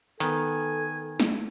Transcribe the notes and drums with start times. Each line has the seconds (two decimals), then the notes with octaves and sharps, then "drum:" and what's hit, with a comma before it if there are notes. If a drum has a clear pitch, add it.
0.20 D#3 B3 A4 G#5, drum: hi-hat
1.20 drum: snare